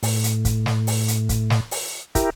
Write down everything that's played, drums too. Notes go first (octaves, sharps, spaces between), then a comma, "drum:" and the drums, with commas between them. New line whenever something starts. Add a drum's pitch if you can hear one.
A2, drum: open hi-hat
drum: hi-hat
drum: kick, hi-hat
drum: snare
drum: open hi-hat
drum: hi-hat
drum: kick, hi-hat
drum: snare
drum: open hi-hat
E4 G4 A#4, drum: kick, hi-hat